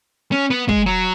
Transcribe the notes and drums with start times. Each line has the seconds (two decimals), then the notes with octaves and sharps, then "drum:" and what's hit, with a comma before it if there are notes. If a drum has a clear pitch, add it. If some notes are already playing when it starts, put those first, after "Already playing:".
0.32 C#4
0.50 B3
0.69 G#3, drum: kick
0.86 F#3